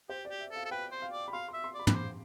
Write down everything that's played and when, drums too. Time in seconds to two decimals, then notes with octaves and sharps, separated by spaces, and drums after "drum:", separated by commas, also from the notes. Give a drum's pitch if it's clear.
0.09 G4 C5
0.25 D5
0.30 G4
0.40 E5
0.51 A4 F5
0.65 A4
0.71 B4 G5
0.92 C5
1.02 F5
1.12 D5
1.28 B5
1.33 F5 C6
1.48 C6
1.54 E5
1.64 C6
1.75 D5 B5
1.87 B4 D6, drum: tom
1.95 C5 C6